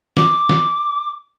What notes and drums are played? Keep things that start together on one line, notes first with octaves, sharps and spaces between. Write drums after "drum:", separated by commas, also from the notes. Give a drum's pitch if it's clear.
D6, drum: snare
drum: snare